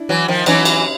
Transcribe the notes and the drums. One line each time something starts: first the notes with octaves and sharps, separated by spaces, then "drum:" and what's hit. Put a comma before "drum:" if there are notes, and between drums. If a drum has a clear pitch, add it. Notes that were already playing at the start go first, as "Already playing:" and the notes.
Already playing: D4 E4
E3 F#3
D#3 F3
E3 F#3 C#4 D#4, drum: cymbal
drum: cymbal